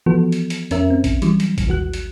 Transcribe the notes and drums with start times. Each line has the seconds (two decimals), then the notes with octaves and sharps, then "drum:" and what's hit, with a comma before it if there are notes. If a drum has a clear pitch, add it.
0.06 E3 F3 B3 F#4 A4
0.32 drum: hi-hat
0.50 drum: hi-hat
0.71 F2 C#4 A#4 E5, drum: hi-hat
0.90 C4
1.04 drum: kick, hi-hat
1.22 E3 F#3 G3, drum: hi-hat
1.40 drum: hi-hat
1.58 drum: kick, hi-hat
1.67 A1 D#2 F#4 F#6
1.93 drum: hi-hat